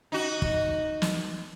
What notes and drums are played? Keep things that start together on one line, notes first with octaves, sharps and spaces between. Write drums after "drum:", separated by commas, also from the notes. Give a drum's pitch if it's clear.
D#4 F#4
drum: kick
drum: snare